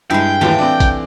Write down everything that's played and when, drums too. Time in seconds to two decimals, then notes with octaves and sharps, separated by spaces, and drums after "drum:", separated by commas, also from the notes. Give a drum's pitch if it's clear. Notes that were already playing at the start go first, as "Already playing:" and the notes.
0.10 G2 G#3 E4 G5
0.41 D#2 A2 E3 A3 F4
0.59 C4 D4
0.80 drum: kick, hi-hat